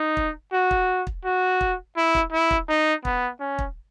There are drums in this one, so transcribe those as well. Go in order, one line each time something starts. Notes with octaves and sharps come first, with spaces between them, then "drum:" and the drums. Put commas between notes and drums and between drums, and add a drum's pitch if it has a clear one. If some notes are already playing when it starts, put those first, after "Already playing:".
Already playing: D#4
drum: kick
F#4
drum: kick
drum: kick
F#4
drum: kick
E4
drum: kick
E4
drum: kick
D#4
B3, drum: kick
C#4
drum: kick